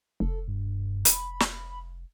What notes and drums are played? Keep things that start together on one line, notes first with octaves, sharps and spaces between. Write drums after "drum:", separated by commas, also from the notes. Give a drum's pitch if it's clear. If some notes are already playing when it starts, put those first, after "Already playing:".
F1 A4
G2
B5, drum: hi-hat
drum: snare